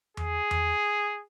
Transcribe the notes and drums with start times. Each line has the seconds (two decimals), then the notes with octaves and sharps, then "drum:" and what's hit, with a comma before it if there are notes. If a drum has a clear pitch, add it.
0.17 G#4, drum: tom E2
0.51 drum: tom E2